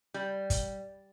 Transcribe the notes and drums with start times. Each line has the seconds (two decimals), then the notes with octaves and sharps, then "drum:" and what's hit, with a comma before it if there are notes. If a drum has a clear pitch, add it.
0.14 G3
0.50 drum: kick, hi-hat